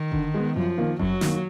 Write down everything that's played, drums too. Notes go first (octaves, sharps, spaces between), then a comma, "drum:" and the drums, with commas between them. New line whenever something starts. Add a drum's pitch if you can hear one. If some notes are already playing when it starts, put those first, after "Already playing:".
Already playing: D#3
D3, drum: kick F#1
G#3 B3
F#2 F3
D#3 A#3
F#2 F#3, drum: kick F#1
D#3 A#3, drum: snare